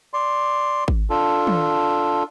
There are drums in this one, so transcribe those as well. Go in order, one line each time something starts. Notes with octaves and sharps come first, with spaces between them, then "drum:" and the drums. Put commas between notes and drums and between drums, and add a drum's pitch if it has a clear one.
D5 C6
drum: kick G#1
D4 F4 A4
drum: tom